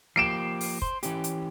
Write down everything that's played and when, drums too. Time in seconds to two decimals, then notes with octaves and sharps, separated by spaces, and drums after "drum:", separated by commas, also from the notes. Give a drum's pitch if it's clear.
0.16 F3 A#3 G4 C7 D7 E7
0.61 drum: open hi-hat
0.82 C5, drum: kick
1.03 E3 C#4 G4, drum: hi-hat
1.24 drum: hi-hat